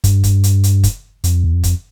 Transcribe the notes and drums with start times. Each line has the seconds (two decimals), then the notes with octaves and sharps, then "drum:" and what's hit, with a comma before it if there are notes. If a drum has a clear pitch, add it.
0.04 G2, drum: kick, hi-hat
0.24 drum: kick, hi-hat
0.44 drum: hi-hat
0.64 drum: hi-hat
0.84 drum: kick, hi-hat
1.24 F2, drum: hi-hat
1.44 E2
1.54 F2
1.63 drum: kick, hi-hat